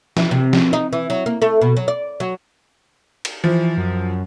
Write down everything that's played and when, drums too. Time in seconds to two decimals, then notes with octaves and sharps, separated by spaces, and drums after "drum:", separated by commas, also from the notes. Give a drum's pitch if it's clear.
0.17 E3, drum: snare
0.31 C3
0.53 drum: snare
0.73 D#4
0.93 E3
1.10 F#3
1.26 A#3
1.42 A3
1.61 B2
1.77 F#3
1.88 D5
2.20 F#3
3.25 drum: cymbal
3.44 E3 F3
3.78 F#2